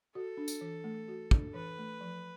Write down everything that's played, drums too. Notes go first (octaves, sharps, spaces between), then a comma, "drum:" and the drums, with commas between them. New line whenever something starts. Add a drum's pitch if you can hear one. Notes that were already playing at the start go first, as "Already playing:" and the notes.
F#4 A4
D4
drum: tambourine
E3
A3
F#4
D4, drum: kick
E3 B4
A3
F3